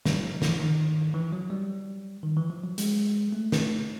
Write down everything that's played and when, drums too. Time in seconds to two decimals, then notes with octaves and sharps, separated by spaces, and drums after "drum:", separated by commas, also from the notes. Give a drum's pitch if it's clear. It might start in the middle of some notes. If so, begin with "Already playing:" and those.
0.05 G3, drum: snare
0.23 F3
0.42 E3, drum: snare
0.60 D#3
1.14 E3
1.33 F#3
1.50 G3
2.23 D#3
2.37 E3
2.50 F3
2.64 F#3
2.78 G#3, drum: hi-hat
3.32 A3
3.52 drum: snare